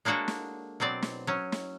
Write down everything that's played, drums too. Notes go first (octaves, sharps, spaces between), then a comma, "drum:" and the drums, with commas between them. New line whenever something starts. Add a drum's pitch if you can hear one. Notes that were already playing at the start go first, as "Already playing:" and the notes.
G#3 A#3 D4 F#4 A4 C#5
drum: snare
B2 F#3 C4 D5
drum: snare
F#3 C#4
drum: snare